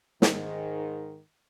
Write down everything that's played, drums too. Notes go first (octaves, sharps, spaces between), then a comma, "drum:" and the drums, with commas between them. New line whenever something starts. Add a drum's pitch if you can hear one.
G#2 D#3, drum: snare